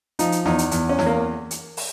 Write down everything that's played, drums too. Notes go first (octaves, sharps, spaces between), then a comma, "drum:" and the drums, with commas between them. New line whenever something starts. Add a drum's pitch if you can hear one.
F3 D#4, drum: hi-hat
drum: hi-hat
E2 D#4, drum: snare
drum: hi-hat
E2, drum: hi-hat
C#4
E2, drum: snare
A#3
drum: hi-hat
drum: open hi-hat